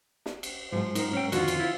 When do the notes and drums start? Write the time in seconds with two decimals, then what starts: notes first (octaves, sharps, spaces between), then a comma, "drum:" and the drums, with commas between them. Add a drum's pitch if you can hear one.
0.26 drum: snare
0.43 drum: cymbal
0.72 G#2 F3 F#3 G#3
0.95 D#4 A#4, drum: cymbal
1.13 C#4 G5
1.32 F2 D3 D#3 F4 F#4, drum: cymbal
1.48 drum: cymbal
1.59 E4